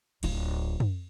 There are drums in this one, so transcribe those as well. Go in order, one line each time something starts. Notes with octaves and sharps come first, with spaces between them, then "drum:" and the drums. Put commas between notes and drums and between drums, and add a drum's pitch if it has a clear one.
D1 F4, drum: cymbal
drum: tom